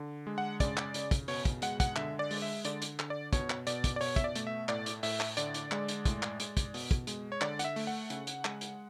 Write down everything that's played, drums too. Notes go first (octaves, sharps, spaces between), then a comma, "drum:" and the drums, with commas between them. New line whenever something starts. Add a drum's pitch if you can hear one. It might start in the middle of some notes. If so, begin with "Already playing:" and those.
Already playing: D3
G#3
F#5
C#3 D5, drum: kick, hi-hat
drum: clap
C#3, drum: hi-hat
drum: kick, hi-hat
B2 C#5, drum: open hi-hat
drum: kick, hi-hat
G#3 F#5, drum: hi-hat
F#5, drum: kick, hi-hat
D3 E5, drum: clap
D5
G#3, drum: open hi-hat
E5
D3 D5, drum: hi-hat
drum: hi-hat
D3, drum: clap
D5
B2 C#5, drum: kick, hi-hat
drum: clap
B2 D5, drum: hi-hat
drum: kick, hi-hat
D5
B2 C#5, drum: open hi-hat
E5, drum: kick, hi-hat
D5
A3, drum: hi-hat
E5
A2 D5, drum: clap
drum: hi-hat
A2 E5, drum: open hi-hat
drum: clap
D3 D5, drum: hi-hat
drum: hi-hat
G#3, drum: clap
drum: hi-hat
A2, drum: kick, hi-hat
drum: clap
G#3, drum: hi-hat
drum: kick, hi-hat
B2, drum: open hi-hat
drum: kick, hi-hat
G#3, drum: hi-hat
C#5
D3 D5, drum: clap
F#5, drum: hi-hat
E5
A3, drum: open hi-hat
F#5
C#3, drum: hi-hat
drum: hi-hat
G#3, drum: clap
drum: hi-hat